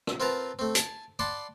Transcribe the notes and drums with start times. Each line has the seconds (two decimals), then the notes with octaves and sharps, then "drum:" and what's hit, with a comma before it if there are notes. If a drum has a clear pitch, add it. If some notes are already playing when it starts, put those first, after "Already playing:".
0.07 drum: rim click
0.20 C4 F4 A#4 B4 A5 A#5
0.59 A3 C4
0.75 G#5 A5, drum: hi-hat
1.19 D5 F#5 A5 B5 C6